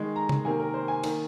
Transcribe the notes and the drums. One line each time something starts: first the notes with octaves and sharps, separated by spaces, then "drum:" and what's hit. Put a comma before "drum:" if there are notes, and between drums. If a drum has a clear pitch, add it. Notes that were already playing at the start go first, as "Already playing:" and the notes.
Already playing: D#3 G#3
A#5
drum: tom C#3
C3 D#3 A#3 G#5
A#4
C5
G#5
D#3 A#3, drum: cymbal